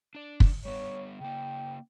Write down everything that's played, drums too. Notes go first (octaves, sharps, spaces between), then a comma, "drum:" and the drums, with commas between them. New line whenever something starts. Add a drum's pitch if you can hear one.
D4 D5
drum: kick
G3 B3 C#5
C#3 A#3 G5